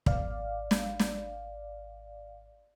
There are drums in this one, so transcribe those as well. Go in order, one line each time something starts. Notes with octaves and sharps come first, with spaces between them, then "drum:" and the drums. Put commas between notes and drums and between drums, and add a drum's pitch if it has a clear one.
G#1 D5 F5, drum: kick
drum: snare
drum: snare